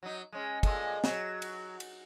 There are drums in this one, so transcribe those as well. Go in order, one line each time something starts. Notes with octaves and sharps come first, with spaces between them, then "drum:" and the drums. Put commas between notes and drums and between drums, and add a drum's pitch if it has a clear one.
F#3 D#4
G#3 C#4
A#2 G#3 A3, drum: kick, cymbal
F#3, drum: snare
drum: cymbal
drum: cymbal